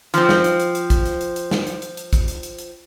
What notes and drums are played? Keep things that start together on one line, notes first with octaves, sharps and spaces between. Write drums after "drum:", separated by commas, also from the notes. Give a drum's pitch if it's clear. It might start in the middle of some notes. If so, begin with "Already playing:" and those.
F3 C4, drum: hi-hat
drum: snare
drum: hi-hat
drum: hi-hat
drum: hi-hat
drum: kick, hi-hat
drum: hi-hat
drum: hi-hat
drum: hi-hat
drum: snare
drum: hi-hat
drum: hi-hat
drum: hi-hat
drum: kick, hi-hat
drum: hi-hat
drum: hi-hat
drum: hi-hat